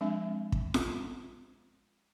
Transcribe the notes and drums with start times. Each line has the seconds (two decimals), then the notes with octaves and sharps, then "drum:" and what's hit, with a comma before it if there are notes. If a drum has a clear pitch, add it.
0.01 F3 G#3 C4 D4 E5
0.52 drum: kick
0.74 drum: snare